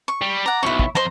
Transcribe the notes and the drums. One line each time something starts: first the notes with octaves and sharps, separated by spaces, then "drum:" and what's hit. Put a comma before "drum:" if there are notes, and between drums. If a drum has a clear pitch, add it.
C#6
G3
D5 F#5 A#5
B1 F2 E4 C#6
drum: kick
F2 C5 D#5 A#5 C6